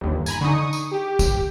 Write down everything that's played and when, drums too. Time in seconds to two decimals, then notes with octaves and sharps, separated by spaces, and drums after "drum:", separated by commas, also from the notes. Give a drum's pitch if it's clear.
0.01 G1 D#2
0.26 G#5 A#5 B5, drum: tambourine
0.41 D3 D#4 C#6 D#6
0.73 drum: tambourine
0.91 G4
1.19 drum: kick, tambourine